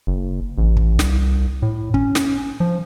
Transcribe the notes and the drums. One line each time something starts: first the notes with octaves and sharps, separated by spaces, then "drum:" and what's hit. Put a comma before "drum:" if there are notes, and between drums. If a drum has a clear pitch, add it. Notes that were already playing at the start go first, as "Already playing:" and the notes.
F#1
A1
drum: kick
C2, drum: snare
A2
C#4, drum: kick
drum: snare
F3